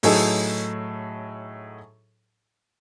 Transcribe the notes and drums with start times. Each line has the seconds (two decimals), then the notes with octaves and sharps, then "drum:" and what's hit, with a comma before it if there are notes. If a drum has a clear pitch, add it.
0.03 A2 F#3 D#4 G#4 A4, drum: open hi-hat